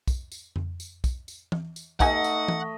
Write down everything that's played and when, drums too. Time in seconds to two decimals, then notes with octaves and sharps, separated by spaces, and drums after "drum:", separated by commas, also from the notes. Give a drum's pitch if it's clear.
0.08 drum: kick, tambourine
0.32 drum: tambourine
0.56 drum: tom F2
0.80 drum: tambourine
1.04 drum: kick, tambourine
1.28 drum: tambourine
1.52 drum: tom E3
1.76 drum: tambourine
2.00 A3 B3 D#4 G4 D#5 F#5 G#5, drum: kick, tambourine
2.24 drum: tambourine
2.48 drum: tom E3